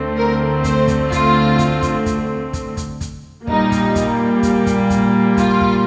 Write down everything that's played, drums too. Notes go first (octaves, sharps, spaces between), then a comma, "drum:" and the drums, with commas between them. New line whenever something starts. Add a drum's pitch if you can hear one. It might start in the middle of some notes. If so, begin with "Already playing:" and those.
Already playing: D2 D3 A3 C4
A#4
C5, drum: kick, hi-hat
drum: kick, hi-hat
F4, drum: kick, hi-hat
drum: kick, hi-hat
drum: kick, hi-hat
drum: kick, hi-hat
drum: kick, hi-hat
drum: kick, hi-hat
drum: kick, hi-hat
A#2 G3 A#3 D#4, drum: kick
drum: kick, hi-hat
drum: kick, hi-hat
drum: kick, hi-hat
drum: kick, hi-hat
drum: kick, hi-hat
F4, drum: kick, hi-hat
drum: kick